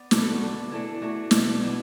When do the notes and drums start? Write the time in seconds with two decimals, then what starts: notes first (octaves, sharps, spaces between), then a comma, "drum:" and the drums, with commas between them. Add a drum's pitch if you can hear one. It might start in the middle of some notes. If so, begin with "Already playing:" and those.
Already playing: B3 D5
0.11 B2 A3 D4 B4, drum: snare
0.22 A4
0.32 F#4
0.41 D3 B3 D4
0.71 E3 A3 D4
1.02 E3 A3 D4 F#4
1.31 B2 A3 D4, drum: snare
1.61 E3 B3 D4